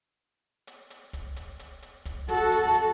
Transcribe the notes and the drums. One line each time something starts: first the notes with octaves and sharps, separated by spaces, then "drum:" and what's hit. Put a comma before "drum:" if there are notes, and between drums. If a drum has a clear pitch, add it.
drum: hi-hat
drum: hi-hat
drum: kick, hi-hat
drum: hi-hat
drum: hi-hat
drum: hi-hat
drum: kick, hi-hat
F#4 A4, drum: hi-hat
drum: hi-hat
drum: hi-hat